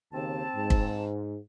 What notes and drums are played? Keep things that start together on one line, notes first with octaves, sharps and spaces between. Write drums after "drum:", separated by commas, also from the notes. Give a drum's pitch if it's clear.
D#2 C#3 C4 A5
G#2
drum: kick